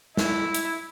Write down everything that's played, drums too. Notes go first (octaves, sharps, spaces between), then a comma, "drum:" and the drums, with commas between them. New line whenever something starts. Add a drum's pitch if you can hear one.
E4, drum: snare
drum: hi-hat